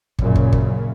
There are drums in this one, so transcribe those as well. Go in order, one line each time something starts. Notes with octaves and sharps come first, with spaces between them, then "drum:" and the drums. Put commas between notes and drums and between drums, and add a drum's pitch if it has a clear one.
F#2 A#2 C#3, drum: kick
drum: kick
drum: kick